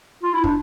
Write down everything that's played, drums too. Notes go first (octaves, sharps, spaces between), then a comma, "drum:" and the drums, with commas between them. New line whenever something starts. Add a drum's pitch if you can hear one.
F4
E4
D4, drum: kick